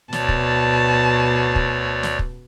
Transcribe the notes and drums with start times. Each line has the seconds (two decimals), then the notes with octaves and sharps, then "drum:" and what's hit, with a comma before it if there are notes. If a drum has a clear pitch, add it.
0.13 D2 B2 C#5 D5 A5, drum: snare
0.28 drum: kick
1.56 drum: kick
2.03 drum: snare
2.19 drum: kick